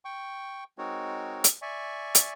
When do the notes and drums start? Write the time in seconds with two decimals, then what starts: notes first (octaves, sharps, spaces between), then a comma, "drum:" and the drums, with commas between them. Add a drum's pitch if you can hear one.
0.05 G5 C#6
0.78 G#3 C4 D#4 F#4 A#4 C#5
1.44 drum: hi-hat
1.62 D5 E5 G#5 C#6
2.15 drum: hi-hat